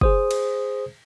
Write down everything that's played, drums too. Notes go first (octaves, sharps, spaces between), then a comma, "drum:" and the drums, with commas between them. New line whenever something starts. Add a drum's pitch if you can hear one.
G#4 C5 D#6, drum: kick
drum: cymbal